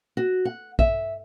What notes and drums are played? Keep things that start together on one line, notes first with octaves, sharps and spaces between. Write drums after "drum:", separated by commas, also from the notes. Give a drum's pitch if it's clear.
F#4
F#5
E5, drum: kick